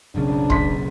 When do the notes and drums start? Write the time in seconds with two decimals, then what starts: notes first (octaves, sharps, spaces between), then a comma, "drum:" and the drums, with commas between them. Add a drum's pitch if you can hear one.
0.15 F#1 B1 C#3 D4
0.50 C6 B6, drum: kick